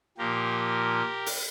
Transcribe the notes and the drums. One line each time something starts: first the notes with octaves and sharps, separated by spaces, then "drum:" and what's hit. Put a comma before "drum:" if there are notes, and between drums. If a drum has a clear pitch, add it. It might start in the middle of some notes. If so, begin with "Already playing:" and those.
A#2 F3 G4 A#4
drum: open hi-hat